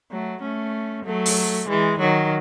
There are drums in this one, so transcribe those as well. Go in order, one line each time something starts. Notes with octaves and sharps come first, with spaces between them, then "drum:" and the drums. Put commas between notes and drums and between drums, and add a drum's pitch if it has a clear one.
F#3 A3
A3 C#4
F#3 A3
drum: open hi-hat
E3 G#3
D#3 F#3